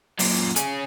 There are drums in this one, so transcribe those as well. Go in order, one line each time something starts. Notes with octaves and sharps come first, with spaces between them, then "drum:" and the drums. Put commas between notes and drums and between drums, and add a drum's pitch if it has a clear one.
F#2 A#2, drum: open hi-hat
C#4 G#4, drum: hi-hat